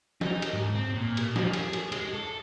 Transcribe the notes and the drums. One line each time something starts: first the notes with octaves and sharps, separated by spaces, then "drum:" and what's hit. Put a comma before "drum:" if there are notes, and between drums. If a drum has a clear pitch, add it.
D#4, drum: snare
drum: cymbal
G#2
C4
A#2
drum: cymbal
F3, drum: snare
G#4, drum: cymbal
drum: cymbal
G#3, drum: cymbal
A4